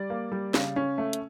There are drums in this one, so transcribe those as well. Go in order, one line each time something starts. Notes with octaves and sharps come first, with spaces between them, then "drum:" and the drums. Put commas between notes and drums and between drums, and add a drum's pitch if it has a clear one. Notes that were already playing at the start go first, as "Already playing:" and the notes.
Already playing: G3 D5
A#3
G3
C#3, drum: snare
C#4
A3
drum: hi-hat